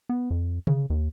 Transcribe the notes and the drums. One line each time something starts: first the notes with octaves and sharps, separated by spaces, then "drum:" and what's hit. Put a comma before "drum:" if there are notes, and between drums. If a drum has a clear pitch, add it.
B3
F2
C#3, drum: tom D3
D#2